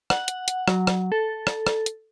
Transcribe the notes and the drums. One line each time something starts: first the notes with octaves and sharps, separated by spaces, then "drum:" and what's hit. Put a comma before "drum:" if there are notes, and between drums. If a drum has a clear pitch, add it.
F#5, drum: rim click
drum: hi-hat
drum: hi-hat
F#3, drum: rim click
drum: rim click
A4
drum: rim click
drum: rim click
drum: hi-hat